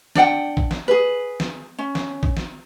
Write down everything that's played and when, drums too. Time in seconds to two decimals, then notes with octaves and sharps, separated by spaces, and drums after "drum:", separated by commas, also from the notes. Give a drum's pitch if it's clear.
0.15 D4 D5 F#5 G5, drum: snare
0.57 drum: kick
0.71 drum: snare
0.88 G#4 B4
1.40 drum: snare
1.79 C#4
1.95 drum: snare
2.23 drum: kick
2.37 drum: snare